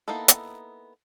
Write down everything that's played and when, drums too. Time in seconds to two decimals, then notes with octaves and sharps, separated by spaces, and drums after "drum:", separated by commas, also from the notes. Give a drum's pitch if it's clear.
0.08 A#3 B3 D#4 E4 A4
0.28 drum: hi-hat